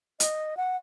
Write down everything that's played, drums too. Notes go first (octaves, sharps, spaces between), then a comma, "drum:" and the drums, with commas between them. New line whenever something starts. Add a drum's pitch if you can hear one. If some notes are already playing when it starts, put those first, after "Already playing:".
D#5, drum: hi-hat
F#5